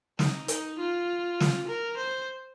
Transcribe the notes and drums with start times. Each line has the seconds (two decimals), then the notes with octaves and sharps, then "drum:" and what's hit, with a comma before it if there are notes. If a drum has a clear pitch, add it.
0.19 D#4, drum: snare
0.48 D#4, drum: hi-hat
0.79 F4
1.40 drum: snare
1.68 A#4
1.97 C5